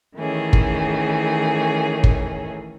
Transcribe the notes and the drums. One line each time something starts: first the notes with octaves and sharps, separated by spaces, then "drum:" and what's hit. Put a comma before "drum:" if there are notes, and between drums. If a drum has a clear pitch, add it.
D#3 E3 A3 C#4 G#4
drum: kick
drum: kick